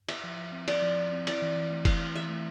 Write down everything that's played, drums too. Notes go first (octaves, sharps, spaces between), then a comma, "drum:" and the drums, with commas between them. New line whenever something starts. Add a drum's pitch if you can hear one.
E4 E5, drum: cymbal
F3
F3
C4
E4 D5, drum: cymbal
F3
F3
C4
E4 D5, drum: cymbal
E3
E3
A3
E4 F5, drum: kick, cymbal
E3
E3 E5
A3